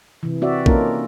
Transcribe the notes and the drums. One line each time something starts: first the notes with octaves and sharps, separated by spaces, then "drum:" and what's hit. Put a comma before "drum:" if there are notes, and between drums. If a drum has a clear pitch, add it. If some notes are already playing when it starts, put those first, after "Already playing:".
C3 E3
C4 F#4 D5 E5
A#3 C#4 D#4 F4 A4 A#4, drum: kick A#1